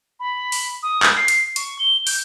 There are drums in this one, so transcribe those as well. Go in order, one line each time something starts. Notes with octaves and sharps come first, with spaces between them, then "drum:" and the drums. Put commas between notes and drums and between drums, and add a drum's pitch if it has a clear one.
B5
drum: open hi-hat
D#6
drum: clap
C7
drum: hi-hat
C#6, drum: hi-hat
G7
G6, drum: open hi-hat